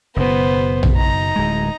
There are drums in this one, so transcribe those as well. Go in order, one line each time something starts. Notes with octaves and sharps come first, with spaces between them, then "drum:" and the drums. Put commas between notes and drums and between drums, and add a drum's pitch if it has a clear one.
F#1 B2 B3 C5
drum: tom A#1
D#4 A#5
D1 G#3